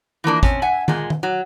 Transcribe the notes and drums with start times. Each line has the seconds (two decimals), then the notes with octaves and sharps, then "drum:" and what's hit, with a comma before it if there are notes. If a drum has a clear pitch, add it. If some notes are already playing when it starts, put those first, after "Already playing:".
0.24 E3 F3 A#3 D4
0.43 C4 C#4, drum: kick
0.62 E5 F#5 G#5
0.88 A#2 G#3, drum: tom
1.10 drum: tom D#3
1.23 F#3